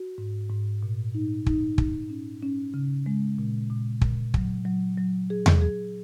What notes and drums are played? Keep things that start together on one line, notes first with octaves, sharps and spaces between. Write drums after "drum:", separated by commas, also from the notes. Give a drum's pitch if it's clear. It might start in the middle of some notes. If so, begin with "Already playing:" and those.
Already playing: F#4
G#2
G#2
A#2
D#4
D#4, drum: kick
D#4, drum: kick
C#4
C#4
C#3
G#3
A#2
A#2
A#2, drum: kick
F#3, drum: kick
F#3
F#3
G#4
drum: tom E2
G#4